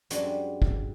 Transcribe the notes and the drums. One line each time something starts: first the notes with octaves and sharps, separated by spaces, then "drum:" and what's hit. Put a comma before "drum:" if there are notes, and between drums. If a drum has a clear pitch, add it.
F#2 G3 G#3 D4 F#4 C5, drum: hi-hat
drum: kick